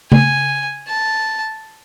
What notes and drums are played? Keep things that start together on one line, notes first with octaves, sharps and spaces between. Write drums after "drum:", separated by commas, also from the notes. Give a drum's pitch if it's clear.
G#5, drum: tom C#3
A5